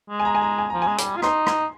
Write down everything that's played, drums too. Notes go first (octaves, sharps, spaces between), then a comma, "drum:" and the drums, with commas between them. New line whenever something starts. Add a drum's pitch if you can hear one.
G#3
G#5
A#5
G#5
A#5
G#5
F3 A#5
G#5
G#3
G3, drum: hi-hat
F4
D#4 C6, drum: rim click
drum: rim click